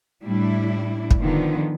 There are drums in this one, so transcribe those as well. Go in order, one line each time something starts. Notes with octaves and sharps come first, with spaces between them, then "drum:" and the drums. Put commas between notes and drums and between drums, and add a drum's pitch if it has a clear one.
A2 G3 D4 E4
drum: kick
D3 D#3 F3 B3